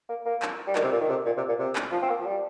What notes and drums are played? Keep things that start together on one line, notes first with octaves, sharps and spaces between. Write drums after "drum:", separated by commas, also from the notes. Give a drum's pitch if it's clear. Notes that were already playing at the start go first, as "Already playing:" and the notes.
A#3
A#3
drum: clap
G3
D#3, drum: clap
C3
A#2
D#3
C3
A#2
C3
A#2
C3
drum: clap
F3
C4
A#3
F3
G3